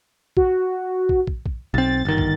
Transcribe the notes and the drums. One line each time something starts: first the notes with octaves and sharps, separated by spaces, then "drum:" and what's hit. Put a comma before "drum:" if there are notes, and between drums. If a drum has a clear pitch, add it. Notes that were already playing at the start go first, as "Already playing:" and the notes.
F#4, drum: kick
drum: kick
drum: kick
drum: kick
B1 C4 A6
G1 D#3
drum: kick